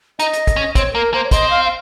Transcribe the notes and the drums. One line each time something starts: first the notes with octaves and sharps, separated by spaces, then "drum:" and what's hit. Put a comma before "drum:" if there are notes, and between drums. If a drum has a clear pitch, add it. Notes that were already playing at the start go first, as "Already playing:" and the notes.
D#4 D#5, drum: hi-hat
drum: hi-hat
drum: kick, hi-hat
C#4
C4 C#5, drum: kick, hi-hat
A#3 A#4
A#3 C5
C#5
C4 D#5, drum: kick, hi-hat
F5
F5